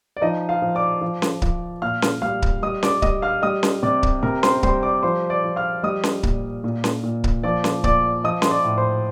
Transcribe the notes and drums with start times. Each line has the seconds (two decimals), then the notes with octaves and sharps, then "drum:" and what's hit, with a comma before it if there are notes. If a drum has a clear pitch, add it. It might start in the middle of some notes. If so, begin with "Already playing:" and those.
0.17 D5
0.22 F3 D#4 D#5
0.49 F4 F5
0.62 F3
0.75 D5 D6
1.01 F3
1.22 drum: snare C#4
1.42 F3, drum: kick C#1
1.82 A#2 F5 F6
2.02 drum: snare C#4
2.22 G3 F5 F6
2.42 drum: kick C#1
2.62 G3 D#5 D#6
2.83 D5 D6, drum: snare C#4
3.02 G3 D#5 D#6, drum: kick C#1
3.22 F5 F6
3.42 G3 D#5 D#6
3.63 drum: snare C#4
3.83 C3 D5 D6
4.03 drum: kick C#1
4.23 C3 A#4 A#5
4.43 C5 C6, drum: snare C#4
4.63 G3 C5 C6, drum: kick C#1
4.83 D5 D6
5.03 F3 C5 C6
5.30 D5 D6
5.44 F3
5.56 F5 F6
5.83 G3 D#5 D#6
6.03 drum: snare C#4
6.23 A#2, drum: kick C#1
6.64 A#2
6.84 drum: snare C#4
7.04 A#2
7.24 drum: kick C#1
7.43 F3 D5 D6
7.64 drum: snare C#4
7.84 A#2 D5 D6, drum: kick C#1
8.24 F3 D#5 D#6
8.42 C6, drum: snare C#4
8.51 D5 D6
8.65 A2
8.77 C5 C6